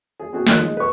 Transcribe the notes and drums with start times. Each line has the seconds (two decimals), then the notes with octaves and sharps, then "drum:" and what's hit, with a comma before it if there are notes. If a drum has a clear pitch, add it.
0.20 G#4
0.33 C4 F#4 G#4
0.47 D#3 F3 A#3 F4 C#5 F#6, drum: snare
0.59 G#3
0.77 B4 C#6